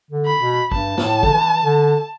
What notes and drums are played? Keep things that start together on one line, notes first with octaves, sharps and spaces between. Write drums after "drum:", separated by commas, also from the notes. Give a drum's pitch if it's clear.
D3
B5
B2
G2 A5, drum: kick
G2, drum: snare
A2
D3, drum: kick
E3
D3